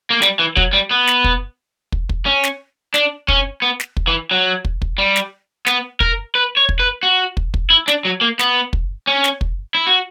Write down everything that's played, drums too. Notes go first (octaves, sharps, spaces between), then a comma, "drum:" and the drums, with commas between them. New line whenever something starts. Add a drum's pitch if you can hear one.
A#3
G3, drum: snare
E3
F#3, drum: kick
G3
B3
drum: snare
drum: kick
drum: kick
drum: kick
C#4
drum: snare
D4, drum: snare
C#4, drum: kick
B3
drum: snare
drum: kick
E3
F#3
drum: kick
drum: kick
G3
drum: snare
B3, drum: snare
A#4, drum: kick
B4
C#5
drum: kick
B4
F#4
drum: kick
drum: kick
E4
D4, drum: snare
F#3
A#3
B3, drum: snare
drum: kick
C#4
drum: snare
drum: kick
E4
F#4